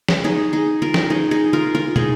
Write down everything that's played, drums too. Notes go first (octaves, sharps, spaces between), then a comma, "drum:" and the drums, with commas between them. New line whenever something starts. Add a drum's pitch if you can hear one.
drum: snare
D#4 G#4
D#4 G#4
F4 A#4
drum: snare
D#4 G#4
D#4 G#4
F4 A#4
F4 A#4
D#4 G#4, drum: tom